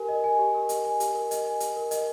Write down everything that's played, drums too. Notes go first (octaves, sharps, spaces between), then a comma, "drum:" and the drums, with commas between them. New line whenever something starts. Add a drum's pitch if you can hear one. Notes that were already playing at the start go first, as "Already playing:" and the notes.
Already playing: G4 A#4 G#5
D#5
G#5
G4
A#4
D#5, drum: hi-hat
G#5
G4, drum: hi-hat
A#4
D#5, drum: hi-hat
G#5
G4, drum: hi-hat
A#4
D#5, drum: hi-hat